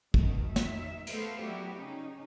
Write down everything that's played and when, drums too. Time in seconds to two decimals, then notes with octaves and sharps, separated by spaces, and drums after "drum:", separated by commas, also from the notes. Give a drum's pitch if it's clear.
0.14 B2 D#3 A3, drum: kick
0.56 D#3 E5, drum: snare
1.07 A3 B3 A4 B4 C5 F5, drum: cymbal
1.40 F#3 G3 B3 E4 F#4 G4
1.77 C#3 C#4 D#4